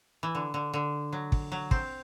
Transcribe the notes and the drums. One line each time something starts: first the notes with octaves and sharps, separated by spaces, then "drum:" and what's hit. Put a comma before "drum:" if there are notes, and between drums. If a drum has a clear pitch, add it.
E3
D3
D3
D3
F#3
drum: kick
F#3
C4, drum: kick